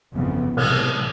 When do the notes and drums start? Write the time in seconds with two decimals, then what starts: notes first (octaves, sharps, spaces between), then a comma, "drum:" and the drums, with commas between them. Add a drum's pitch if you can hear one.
0.15 G1 F2 C#3 E3 F3 B3
0.57 B1 A2 C3 E3 G#3, drum: cymbal